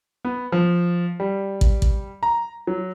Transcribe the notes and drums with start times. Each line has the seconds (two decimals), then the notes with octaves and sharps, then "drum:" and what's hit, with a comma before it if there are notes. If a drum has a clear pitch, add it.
0.25 B3
0.52 F3
1.20 G3
1.61 drum: kick
1.82 drum: kick
2.23 A#5
2.67 F#3